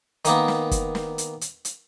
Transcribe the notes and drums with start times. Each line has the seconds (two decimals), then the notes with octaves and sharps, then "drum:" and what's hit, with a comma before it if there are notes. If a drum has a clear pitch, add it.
0.25 D#3 A#3 B3, drum: hi-hat
0.48 drum: snare
0.71 drum: kick, hi-hat
0.95 drum: snare
1.18 drum: hi-hat
1.41 drum: hi-hat
1.65 drum: hi-hat